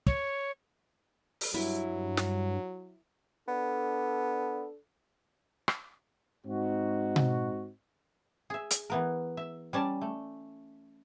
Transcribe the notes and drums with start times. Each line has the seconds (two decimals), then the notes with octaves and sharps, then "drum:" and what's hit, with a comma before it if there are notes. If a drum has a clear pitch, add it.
0.07 C#5, drum: kick
1.41 drum: open hi-hat
1.54 G2 F#3 E4
2.17 drum: snare
3.48 B3 D4 A4
5.68 drum: rim click
6.46 G#2 C4 D#4 F#4
7.16 drum: tom B2
8.50 G#4 E5
8.71 drum: hi-hat
8.90 E3 B3 A#4
9.37 E5
9.73 G3 C#4 D5 A5
10.01 A3